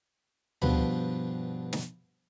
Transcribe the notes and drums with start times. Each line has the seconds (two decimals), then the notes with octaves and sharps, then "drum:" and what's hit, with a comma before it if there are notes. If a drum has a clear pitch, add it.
0.62 G2 B2 F3 B5, drum: tom D2
1.73 drum: snare